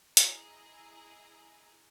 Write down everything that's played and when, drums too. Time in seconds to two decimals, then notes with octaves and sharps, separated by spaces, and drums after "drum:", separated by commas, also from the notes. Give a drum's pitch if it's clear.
0.17 E4 G#4 D#5 G#5 A#5, drum: hi-hat